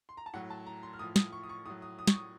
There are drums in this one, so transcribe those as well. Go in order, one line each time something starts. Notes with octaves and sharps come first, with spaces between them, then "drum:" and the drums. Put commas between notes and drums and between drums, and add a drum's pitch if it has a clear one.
C6
A#5
A5
A2 F#3 F#5
A5
A#5
C6
F6
A2 F3 D#6
D#6, drum: snare
C#6
D#6
C#6
A2 F#3 D#6
D#6
D#6
C#6, drum: snare
D#6